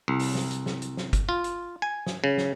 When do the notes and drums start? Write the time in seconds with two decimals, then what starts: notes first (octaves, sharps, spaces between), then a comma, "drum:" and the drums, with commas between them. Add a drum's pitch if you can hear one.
0.08 C2
0.19 drum: open hi-hat
0.35 drum: snare
0.51 drum: hi-hat
0.66 drum: snare
0.82 drum: hi-hat
0.97 drum: snare
1.13 drum: kick, hi-hat
1.29 F4
1.44 drum: hi-hat
1.82 G#5
2.07 drum: snare
2.24 C#3
2.38 drum: snare